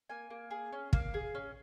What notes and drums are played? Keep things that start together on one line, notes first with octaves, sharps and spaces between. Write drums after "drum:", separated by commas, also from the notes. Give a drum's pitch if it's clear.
A#3 G#5
A#3
G#4
C#4
A#3 F5, drum: kick
G#4
C#4